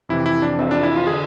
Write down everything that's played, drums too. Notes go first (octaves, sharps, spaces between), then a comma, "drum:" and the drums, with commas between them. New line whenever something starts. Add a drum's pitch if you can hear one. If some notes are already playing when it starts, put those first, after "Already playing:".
F2 C3 E3 E4
E4
D4
C4, drum: cymbal
D4
E4
F4
D3 G#4